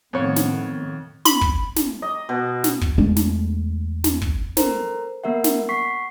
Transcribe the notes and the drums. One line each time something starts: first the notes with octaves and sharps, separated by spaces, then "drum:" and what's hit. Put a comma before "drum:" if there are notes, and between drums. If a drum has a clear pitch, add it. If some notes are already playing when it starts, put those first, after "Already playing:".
F2 A2 D#3 B3 C#5
drum: snare
B5, drum: snare
drum: kick
drum: snare
D#5
B2
drum: snare
drum: kick
E2 G#3 A3 D4
drum: snare
drum: snare
drum: kick
A4 A#4 C5 A#5, drum: snare
A#3 B3 A#4 E5 F#5
drum: snare
F#5 C#6 B6 C7